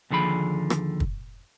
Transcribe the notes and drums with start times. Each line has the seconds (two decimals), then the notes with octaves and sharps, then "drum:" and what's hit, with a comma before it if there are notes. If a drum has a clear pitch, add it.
0.11 D#2 D3 F3 G#4 B5
0.70 drum: rim click
1.00 drum: kick